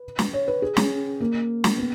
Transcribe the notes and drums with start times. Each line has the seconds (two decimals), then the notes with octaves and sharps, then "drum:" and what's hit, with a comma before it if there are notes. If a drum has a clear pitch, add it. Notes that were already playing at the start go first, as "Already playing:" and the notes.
Already playing: B4
0.19 drum: snare
0.33 C#5
0.48 B4
0.62 G#4
0.77 C#4, drum: snare
1.20 A#3
1.64 drum: snare
1.78 B3